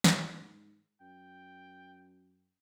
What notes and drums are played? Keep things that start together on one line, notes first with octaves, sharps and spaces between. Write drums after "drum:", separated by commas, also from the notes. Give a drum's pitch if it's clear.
drum: snare
G#2
F#2 G5